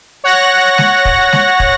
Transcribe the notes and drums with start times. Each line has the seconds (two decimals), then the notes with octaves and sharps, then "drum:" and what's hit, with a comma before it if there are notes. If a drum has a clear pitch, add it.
0.24 C#5 F#5 F#6 A#6
0.78 drum: snare G#3
1.05 drum: kick
1.32 drum: snare G#3
1.60 drum: kick